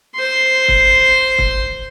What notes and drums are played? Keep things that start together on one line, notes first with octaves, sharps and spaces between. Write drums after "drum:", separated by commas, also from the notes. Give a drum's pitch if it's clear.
C5 C6
drum: kick
drum: kick